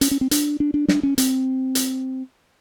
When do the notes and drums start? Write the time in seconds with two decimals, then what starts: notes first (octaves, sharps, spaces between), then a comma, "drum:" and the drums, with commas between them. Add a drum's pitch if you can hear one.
0.01 C#4, drum: hi-hat
0.11 C#4
0.21 C4
0.31 D4, drum: hi-hat
0.60 D4
0.74 D4
0.88 D4, drum: snare
1.03 C#4
1.18 C4, drum: hi-hat
1.75 drum: hi-hat